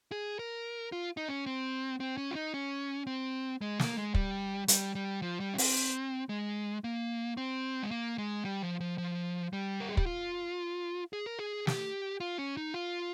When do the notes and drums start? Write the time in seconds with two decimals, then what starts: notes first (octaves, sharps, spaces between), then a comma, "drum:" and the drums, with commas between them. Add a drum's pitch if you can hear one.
0.12 G#4
0.39 A#4
0.92 F4
1.17 D#4
1.28 C#4
1.46 C4
2.00 C4
2.17 C#4
2.31 F4
2.35 D#4
2.54 C#4
3.07 C4
3.61 G#3
3.80 A#3, drum: snare
3.97 G#3
4.14 G3, drum: kick
4.68 G3, drum: hi-hat
4.95 G3
5.22 F3
5.40 G3
5.54 C#4
5.58 C4, drum: open hi-hat
6.29 G#3
6.84 A#3
7.37 C4
7.83 G#3
7.91 A#3
8.18 G#3
8.45 G3
8.63 F3
8.80 F3
8.98 F3
9.53 G3
9.80 A#4
9.89 G#4
9.97 G4, drum: kick
10.06 F4
11.13 G#4
11.26 A#4
11.39 G#4
11.67 G4, drum: snare
12.20 F4
12.38 C#4
12.57 D#4
12.74 F4